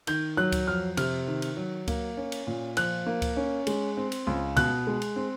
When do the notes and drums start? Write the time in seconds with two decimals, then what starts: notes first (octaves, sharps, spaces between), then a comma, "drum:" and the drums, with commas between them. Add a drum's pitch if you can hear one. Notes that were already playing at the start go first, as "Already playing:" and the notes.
0.07 D#3 G6, drum: cymbal
0.37 F#3 F#6
0.52 drum: kick C#2, cymbal
0.67 F2 F6
0.97 C3 F6, drum: cymbal
1.27 D#3
1.42 drum: cymbal
1.57 F#3
1.88 A#3, drum: kick C#2, cymbal
2.17 C#4
2.32 drum: cymbal
2.47 A#2
2.77 F3 F#6, drum: cymbal
3.06 A#3
3.22 drum: kick C#2, cymbal
3.37 C#4
3.67 G#3, drum: cymbal
3.97 C4
4.12 drum: cymbal
4.27 C#2
4.57 B2 F#6, drum: kick C#2, cymbal
4.87 G#3
5.02 drum: cymbal
5.16 C4